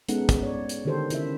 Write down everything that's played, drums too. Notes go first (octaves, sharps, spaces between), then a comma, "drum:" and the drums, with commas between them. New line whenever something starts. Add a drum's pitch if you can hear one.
G#3 B3 C#4 D#4 A4 F#5, drum: hi-hat
drum: kick, hi-hat
C#5 D5
drum: hi-hat
D3 D#3 G4 A4 C5
C#3 E4 E5, drum: hi-hat